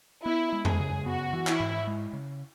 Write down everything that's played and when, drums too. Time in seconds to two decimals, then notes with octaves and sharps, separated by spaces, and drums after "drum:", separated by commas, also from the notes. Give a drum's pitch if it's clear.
0.25 B3 E4
0.53 G#3
0.65 G#4, drum: tom F2
0.79 C#3
1.06 B3 F#4
1.33 E3
1.47 E4, drum: clap
1.60 G#2
1.87 G#3
2.13 C#3